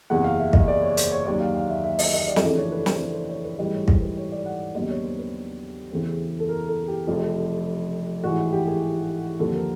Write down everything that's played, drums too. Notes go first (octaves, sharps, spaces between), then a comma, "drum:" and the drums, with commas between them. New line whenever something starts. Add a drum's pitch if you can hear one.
F#1 E2 C3 F#5
F5
E5
D#5, drum: kick
D5
C#5
C5, drum: hi-hat
C#5
D#2 D#3 F#3 D5
F5
F5
E5
E5
D#5, drum: open hi-hat
D#5
D5
D#5, drum: snare
F2 C#3 E3 A3 D4 D5
C#5
B4
C5, drum: snare
B4
C5
C#5
B4
A1 G#2 E3 G3 D#5
C#5
C5, drum: kick
B4
C#5
D5
F#5
D#2 C#3 F#3 B3 D4 D#5
C#5
C5
B4
E2 C#3 E3 A3 C4
A4
A#4
A4
G4
F1 F2 C#3 F3
A1 G#2 E3 F#4
G4
G#4
D#2 D3 F3 A4
A#4